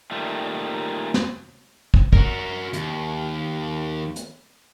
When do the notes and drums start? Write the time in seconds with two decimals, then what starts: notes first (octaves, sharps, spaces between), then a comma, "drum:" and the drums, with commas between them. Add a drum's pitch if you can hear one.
0.11 A#2 D#3 G3 A3
1.14 drum: snare
1.94 drum: kick
2.13 F#4 A#4, drum: kick
2.73 D#2, drum: hi-hat
4.16 drum: hi-hat